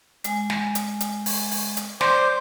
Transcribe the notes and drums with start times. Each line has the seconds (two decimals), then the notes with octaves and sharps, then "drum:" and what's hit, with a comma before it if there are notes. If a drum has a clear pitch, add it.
0.24 G#3 G#5, drum: hi-hat
0.50 drum: snare
0.75 drum: hi-hat
1.00 drum: hi-hat
1.26 drum: open hi-hat
1.51 drum: open hi-hat
1.77 drum: hi-hat
2.01 C5 D5 D6, drum: snare